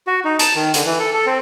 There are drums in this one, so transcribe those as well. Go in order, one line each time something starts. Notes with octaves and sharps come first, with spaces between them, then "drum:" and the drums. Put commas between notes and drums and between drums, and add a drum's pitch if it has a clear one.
F#4
D#4
A5, drum: hi-hat
D#3
D3, drum: hi-hat
E3
A4
A4
C4